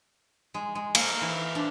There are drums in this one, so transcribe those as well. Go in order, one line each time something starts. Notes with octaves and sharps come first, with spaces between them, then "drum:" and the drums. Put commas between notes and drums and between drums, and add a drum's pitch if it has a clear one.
G#3
G#3
A#3, drum: cymbal
E3
D4